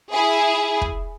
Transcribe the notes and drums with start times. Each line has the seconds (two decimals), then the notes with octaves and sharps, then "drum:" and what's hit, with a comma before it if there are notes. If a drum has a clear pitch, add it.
0.11 E4 G#4
0.81 drum: kick